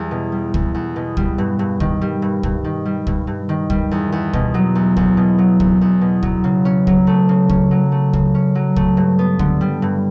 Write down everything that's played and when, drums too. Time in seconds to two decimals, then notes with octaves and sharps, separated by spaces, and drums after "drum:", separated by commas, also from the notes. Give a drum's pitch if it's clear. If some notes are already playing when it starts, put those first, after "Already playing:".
Already playing: E2 G3
0.11 B2
0.32 G3
0.54 E2, drum: kick
0.74 E2
0.96 B2
1.17 G3, drum: kick
1.38 G2
1.59 G2
1.80 D#3, drum: kick
2.01 G3
2.22 G2
2.43 G2, drum: kick
2.64 D#3
2.85 G3
3.07 G2, drum: kick
3.27 G2
3.49 D#3
3.70 G3, drum: kick
3.91 E2
4.12 E2
4.33 B2, drum: kick
4.54 F#3
4.75 E2
4.97 E2, drum: kick
5.17 B2
5.38 F#3
5.60 E2, drum: kick
5.81 E2
6.01 B2
6.23 F#3, drum: kick
6.44 C#3
6.65 C#4
6.87 F#3, drum: kick
7.07 A3
7.29 C#3
7.49 C#4, drum: kick
7.71 F#3
7.92 A3
8.13 C#3, drum: kick
8.34 C#4
8.55 F#3
8.76 A3, drum: kick
8.97 G2
9.19 B3
9.39 D3, drum: kick
9.61 G3
9.82 G2